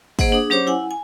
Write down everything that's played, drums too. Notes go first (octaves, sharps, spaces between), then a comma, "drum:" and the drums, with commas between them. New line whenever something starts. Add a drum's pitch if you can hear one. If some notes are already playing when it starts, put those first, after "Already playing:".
A#3 G#4 C5 D#5 F#5, drum: kick, open hi-hat
D4 G#4 D#6
F#3 C#4 G4 C5 C#5 D6
E4 F#5 G#5
G#5